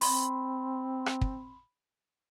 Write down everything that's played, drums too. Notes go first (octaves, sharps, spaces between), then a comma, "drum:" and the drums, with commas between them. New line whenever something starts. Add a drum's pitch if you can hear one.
C4 B5 C6, drum: open hi-hat
drum: rim click
drum: kick